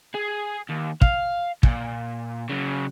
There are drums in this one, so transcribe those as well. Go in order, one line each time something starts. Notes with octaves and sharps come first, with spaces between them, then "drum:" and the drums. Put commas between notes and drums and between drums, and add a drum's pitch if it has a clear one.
G#4
D#2
F5, drum: kick
A#2, drum: kick
C#3 F#3